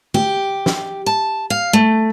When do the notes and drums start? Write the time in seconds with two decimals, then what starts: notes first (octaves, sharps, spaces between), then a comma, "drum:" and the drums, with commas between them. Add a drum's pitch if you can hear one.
0.14 G4, drum: tom
0.66 drum: snare
1.06 A5
1.50 F5
1.73 A3